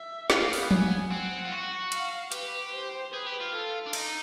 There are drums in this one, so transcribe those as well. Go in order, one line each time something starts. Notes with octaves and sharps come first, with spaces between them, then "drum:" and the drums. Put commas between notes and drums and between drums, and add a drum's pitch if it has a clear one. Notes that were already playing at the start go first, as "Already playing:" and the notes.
Already playing: E5
B3 F5, drum: snare
C4
B3, drum: open hi-hat
G#5, drum: tom F3
C4 F#5
F4
F#4
F5, drum: hi-hat
G4 B4, drum: hi-hat
C5
G#4 B4
G4
F4
A4
D4
D#4, drum: cymbal